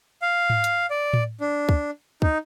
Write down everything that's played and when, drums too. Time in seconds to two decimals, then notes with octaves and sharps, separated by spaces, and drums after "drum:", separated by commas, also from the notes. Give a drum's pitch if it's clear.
0.22 F5
0.50 drum: tom G#2
0.64 drum: hi-hat
0.90 D5
1.13 drum: tom A2
1.41 D4
1.69 drum: kick
2.22 D#4, drum: kick